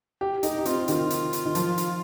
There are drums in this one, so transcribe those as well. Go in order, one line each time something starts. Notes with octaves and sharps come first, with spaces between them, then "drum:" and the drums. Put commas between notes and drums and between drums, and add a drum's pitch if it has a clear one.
G4
D#4 A4, drum: hi-hat
G4
D#4
C4 F4, drum: hi-hat
D#3 F4 G4, drum: hi-hat
drum: hi-hat
drum: hi-hat
D#3
F3, drum: hi-hat
drum: hi-hat